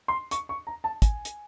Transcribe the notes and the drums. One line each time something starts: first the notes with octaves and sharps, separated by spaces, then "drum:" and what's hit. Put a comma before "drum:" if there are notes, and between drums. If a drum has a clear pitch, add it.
C6
C#6, drum: hi-hat
C#6
A#5
A5
G#5, drum: kick, hi-hat
drum: hi-hat